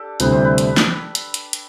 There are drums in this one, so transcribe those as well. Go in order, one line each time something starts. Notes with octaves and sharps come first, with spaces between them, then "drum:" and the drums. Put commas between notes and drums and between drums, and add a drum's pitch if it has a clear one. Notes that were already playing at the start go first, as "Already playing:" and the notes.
Already playing: D4 G4 A4
D2 C3 G3 C4 E4 B4, drum: hi-hat
C5
B4
drum: hi-hat
drum: snare
drum: hi-hat
drum: hi-hat
drum: hi-hat